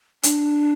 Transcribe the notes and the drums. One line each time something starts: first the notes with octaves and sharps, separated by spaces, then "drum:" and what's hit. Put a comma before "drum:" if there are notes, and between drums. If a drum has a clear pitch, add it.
D4, drum: hi-hat